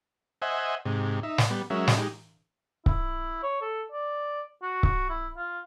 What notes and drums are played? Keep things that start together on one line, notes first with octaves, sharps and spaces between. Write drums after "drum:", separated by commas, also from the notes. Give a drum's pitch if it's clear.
C5 D#5 E5 F#5 G#5
G#2 C3
D#4 E5
drum: snare
G3 B3
F#3 G#3 C#4 A#4 E5
drum: snare
G#3 D#4 G4
E4, drum: kick C#1
C#5
A4
D5
F#4
drum: kick C#1
E4
F4